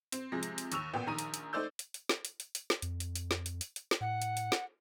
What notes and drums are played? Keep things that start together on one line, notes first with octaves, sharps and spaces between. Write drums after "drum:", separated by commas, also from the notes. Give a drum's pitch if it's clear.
C4, drum: hi-hat
C3 F3 G#3 A#6
drum: hi-hat
drum: hi-hat
D#2 C#6 E6 F7, drum: hi-hat
A#2 B3 G5
A#1 D#3 A#5 D#6 D#7
drum: hi-hat
drum: hi-hat
A3 D#4 C5 D5 E6 G6
drum: hi-hat
drum: hi-hat
drum: snare
drum: hi-hat
drum: hi-hat
drum: hi-hat
drum: snare
F2, drum: hi-hat
drum: hi-hat
drum: hi-hat
drum: snare
drum: hi-hat
drum: hi-hat
drum: hi-hat
drum: snare
A2 F#5
drum: hi-hat
drum: hi-hat
drum: snare